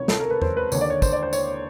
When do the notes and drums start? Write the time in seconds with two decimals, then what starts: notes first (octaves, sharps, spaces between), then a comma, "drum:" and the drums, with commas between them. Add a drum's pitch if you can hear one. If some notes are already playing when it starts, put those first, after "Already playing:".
Already playing: C#2 C3 D#3 C#5
0.08 A4, drum: snare
0.20 A#4
0.31 B4
0.42 C5, drum: tom E2
0.57 B4
0.72 D#2 D3 C#5, drum: tambourine
0.81 D5
0.90 C#5
1.02 C5, drum: kick, tambourine
1.12 D5
1.23 C5
1.33 C#5, drum: tambourine